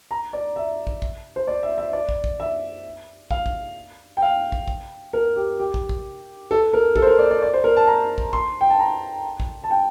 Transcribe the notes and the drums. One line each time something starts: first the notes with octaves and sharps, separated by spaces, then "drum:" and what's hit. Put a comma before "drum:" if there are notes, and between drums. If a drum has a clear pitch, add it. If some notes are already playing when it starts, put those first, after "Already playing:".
A#5
D5
E5
drum: kick
drum: kick
C5
D5
E5
E5
D5
drum: kick
drum: kick
E5
F5, drum: kick
drum: kick
G5
F5
drum: kick
drum: kick
A#4
G4
G4
drum: kick
drum: kick
A4
A#4
A4, drum: kick
C5
A#4
D5
D5
D5
C5
A#4
A5
A#5
drum: kick
C6, drum: kick
G5
A5
A#5
drum: kick
A5
G5